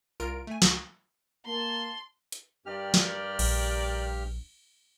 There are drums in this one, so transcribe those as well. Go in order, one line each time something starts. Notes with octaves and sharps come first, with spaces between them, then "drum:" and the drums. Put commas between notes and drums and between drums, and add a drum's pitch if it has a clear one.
C2 F4 A#4 A#5 D7
A3 G#5
C#2 F#4, drum: snare
A#3 A5 C6
drum: hi-hat
G2 G4 A#4 D5 G5 F6
drum: snare
A#1, drum: cymbal